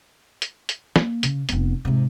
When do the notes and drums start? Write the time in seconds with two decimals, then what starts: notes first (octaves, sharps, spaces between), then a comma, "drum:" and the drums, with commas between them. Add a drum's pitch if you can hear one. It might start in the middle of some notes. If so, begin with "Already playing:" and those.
0.42 drum: hi-hat
0.69 drum: hi-hat
0.96 A#3, drum: snare
1.23 C#3, drum: hi-hat
1.49 F1 B3, drum: hi-hat
1.85 G#2 C3